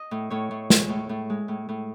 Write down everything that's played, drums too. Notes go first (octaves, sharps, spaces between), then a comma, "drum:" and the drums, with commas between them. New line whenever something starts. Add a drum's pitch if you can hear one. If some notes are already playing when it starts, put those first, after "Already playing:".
Already playing: D#5
A2
A2 C#5
A2
G#3, drum: snare
A2
A2
G#3
A2
A2